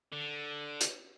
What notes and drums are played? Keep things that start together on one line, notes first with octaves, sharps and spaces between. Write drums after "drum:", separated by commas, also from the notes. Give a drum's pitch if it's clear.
D3
drum: hi-hat